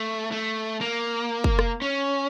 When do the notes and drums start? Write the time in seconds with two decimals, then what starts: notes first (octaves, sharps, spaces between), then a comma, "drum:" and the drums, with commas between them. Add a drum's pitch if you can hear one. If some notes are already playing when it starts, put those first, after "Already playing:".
Already playing: A3
0.32 A3
0.81 A#3
1.44 drum: kick
1.59 drum: rim click
1.82 C#4